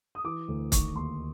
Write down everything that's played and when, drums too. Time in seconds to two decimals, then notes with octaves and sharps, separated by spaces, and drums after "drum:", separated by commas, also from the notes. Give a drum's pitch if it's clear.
0.15 D#6
0.24 E3 D6
0.48 D2
0.72 D#3 C#6, drum: kick, hi-hat
0.95 D#2 C6